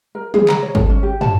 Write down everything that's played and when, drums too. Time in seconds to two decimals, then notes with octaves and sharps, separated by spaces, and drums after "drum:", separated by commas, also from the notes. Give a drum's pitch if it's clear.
0.15 A#4
0.34 G#4, drum: tom
0.49 A#5, drum: clap
0.62 C#5
0.75 A4, drum: kick G#1
0.90 C#4
1.03 G4
1.21 A5, drum: tom